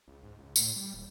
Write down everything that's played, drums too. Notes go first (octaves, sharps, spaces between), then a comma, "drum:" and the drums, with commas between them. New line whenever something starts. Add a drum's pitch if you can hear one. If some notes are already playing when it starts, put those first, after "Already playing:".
C#2
G#2
C#2
A2, drum: tambourine
G3
D#1